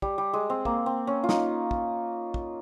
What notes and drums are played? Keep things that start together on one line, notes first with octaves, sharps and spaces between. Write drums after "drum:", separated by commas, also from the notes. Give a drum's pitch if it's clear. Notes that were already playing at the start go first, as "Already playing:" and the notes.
G3, drum: kick
G3
G#3
C4
A#3, drum: kick
C4
C#4
F4
D#4, drum: snare
drum: kick
drum: kick